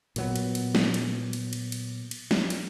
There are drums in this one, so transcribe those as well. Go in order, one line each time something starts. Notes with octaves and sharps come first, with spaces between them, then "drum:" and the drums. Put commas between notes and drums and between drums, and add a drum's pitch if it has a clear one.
A#2 F#3 B3, drum: cymbal
drum: cymbal
drum: cymbal
drum: snare
drum: cymbal
drum: cymbal
drum: cymbal
drum: cymbal
drum: cymbal
drum: snare
drum: cymbal